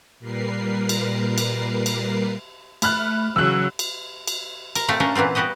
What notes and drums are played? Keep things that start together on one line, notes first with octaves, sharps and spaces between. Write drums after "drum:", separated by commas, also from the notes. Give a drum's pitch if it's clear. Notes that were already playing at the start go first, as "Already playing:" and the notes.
A#2 G3 A#4 B4 C7
drum: cymbal
drum: cymbal
drum: cymbal
A3 B5 F6 F#6, drum: cymbal
C#3 E3 F#3 E6 F#6
drum: cymbal
drum: cymbal
A#4, drum: cymbal
A#2 A3 C4 F5 G5
C#4 D4 A4 A#4
A#2 E3 B3 C4 F4
G3 B3 F#4 G4 D#5